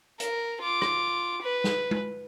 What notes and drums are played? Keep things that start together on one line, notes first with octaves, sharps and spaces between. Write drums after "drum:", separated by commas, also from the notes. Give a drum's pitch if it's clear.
A#4, drum: hi-hat
F4 D6
drum: rim click
B4
drum: snare
drum: tom G#3